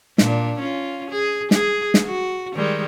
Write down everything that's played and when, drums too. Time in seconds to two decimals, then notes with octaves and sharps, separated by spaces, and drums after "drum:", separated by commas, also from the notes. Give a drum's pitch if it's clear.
0.18 A#2 D4, drum: snare
0.59 C#4 F4
1.10 G#4
1.51 G#4, drum: snare
1.94 drum: snare
2.05 F#4
2.55 D#3 G3 G#3